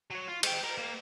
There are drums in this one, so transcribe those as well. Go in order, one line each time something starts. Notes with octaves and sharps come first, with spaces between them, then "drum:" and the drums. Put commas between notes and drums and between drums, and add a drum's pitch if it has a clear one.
F#3 C#5
F4
G#3 G5, drum: cymbal
A#4
A#3